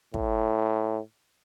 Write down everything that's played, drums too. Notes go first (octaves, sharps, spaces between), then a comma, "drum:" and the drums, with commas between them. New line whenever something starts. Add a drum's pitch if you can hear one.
A2, drum: kick